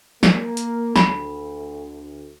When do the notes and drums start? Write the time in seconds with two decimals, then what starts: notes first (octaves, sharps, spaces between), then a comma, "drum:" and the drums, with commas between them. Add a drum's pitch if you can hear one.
0.23 A#3, drum: snare
0.57 drum: hi-hat
0.96 D2 B5, drum: snare